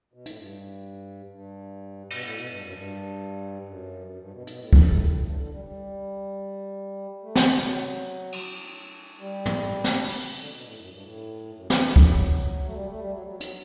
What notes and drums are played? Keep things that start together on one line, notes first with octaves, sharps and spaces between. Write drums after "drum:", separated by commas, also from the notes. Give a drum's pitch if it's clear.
B2
A2, drum: hi-hat
G2
G2
B2, drum: cymbal
A2
B2
G2
F#2
G2
F#2
F#2
G2
B2
B2, drum: hi-hat
A2
G2, drum: kick
A2
G2
D3
G3
G3
A3
G3, drum: snare
F#3
drum: cymbal
G3
drum: tom
drum: snare
F#3
drum: open hi-hat
D3
B2
A2
F#2
G2
A2
F#2
G2, drum: snare
E3
F#3, drum: kick
A3
G3
A3
G3
F#3
F#3
F#3, drum: hi-hat